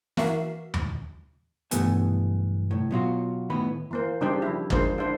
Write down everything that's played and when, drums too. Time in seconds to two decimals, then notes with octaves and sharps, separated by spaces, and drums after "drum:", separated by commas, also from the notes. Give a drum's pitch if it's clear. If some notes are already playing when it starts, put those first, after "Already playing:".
0.17 E3 A#3 F#4 A#4 E5 C7, drum: snare
0.74 drum: tom D#2
1.71 B1 G2 E3 A3 B3 G#5, drum: hi-hat
2.71 C2 A2
2.91 B2 F#3 F4 F#4
3.50 A2 D#3 B3 B5
3.91 E3 A#3 C5
4.21 C#3 G3 D4 D#4 G4 C5
4.42 F3 E4
4.70 D3 F3 G#3 A#3 C5, drum: kick
4.98 D4 E4 C5